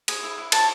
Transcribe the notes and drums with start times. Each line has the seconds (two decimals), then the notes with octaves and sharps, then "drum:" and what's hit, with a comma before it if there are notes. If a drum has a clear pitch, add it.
0.08 G#4, drum: cymbal
0.23 E4
0.38 E4
0.52 C#5 A5, drum: cymbal